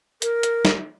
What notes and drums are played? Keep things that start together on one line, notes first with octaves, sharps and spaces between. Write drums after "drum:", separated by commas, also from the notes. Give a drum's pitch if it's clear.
A#4, drum: hi-hat
drum: hi-hat
drum: snare